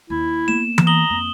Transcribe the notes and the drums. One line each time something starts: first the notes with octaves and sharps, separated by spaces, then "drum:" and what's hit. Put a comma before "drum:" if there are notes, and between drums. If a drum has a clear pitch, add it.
D#2 E4
A#3 B3 E7
drum: tom E3
A#5 D#6 F#7 G7
F2 A#3